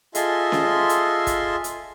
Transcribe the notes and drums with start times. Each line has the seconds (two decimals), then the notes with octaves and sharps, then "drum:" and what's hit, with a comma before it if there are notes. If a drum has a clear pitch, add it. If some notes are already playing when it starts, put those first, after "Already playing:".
0.15 F4 G#4 A4 D#5 E5 C6, drum: hi-hat
0.52 drum: snare C#4
0.89 drum: hi-hat
1.27 drum: kick, hi-hat
1.64 drum: hi-hat